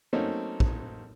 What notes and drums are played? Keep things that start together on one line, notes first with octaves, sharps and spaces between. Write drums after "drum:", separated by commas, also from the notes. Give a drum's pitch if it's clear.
F#3 A3 A#3 C4 C#4 D#4
drum: kick